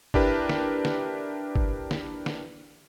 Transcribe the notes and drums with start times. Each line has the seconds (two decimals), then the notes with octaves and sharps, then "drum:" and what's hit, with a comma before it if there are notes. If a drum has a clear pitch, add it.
0.14 D4 E4 G4 A#4 B4, drum: kick
0.49 drum: snare
0.85 drum: snare
1.56 drum: kick
1.91 drum: snare
2.26 drum: snare